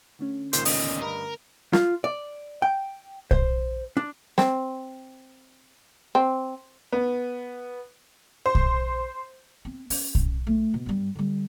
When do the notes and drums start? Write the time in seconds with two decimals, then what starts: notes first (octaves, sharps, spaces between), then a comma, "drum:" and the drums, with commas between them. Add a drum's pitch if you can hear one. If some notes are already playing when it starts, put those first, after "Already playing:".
0.19 D3 A3 C#4
0.53 C#2 A#2 D#3 C5, drum: hi-hat
0.65 E2 C#3 D#5, drum: open hi-hat
1.01 G2 A#4 B5
1.73 F4, drum: snare
2.04 D5
2.62 G5
3.31 C5, drum: kick
3.97 D4
4.38 C4, drum: snare
6.15 C4
6.92 B3
8.46 C5
8.55 drum: kick
9.65 C4
9.90 C#4, drum: open hi-hat
10.15 drum: kick
10.47 A3
10.74 B2
10.86 G2 G3
11.15 D3 G3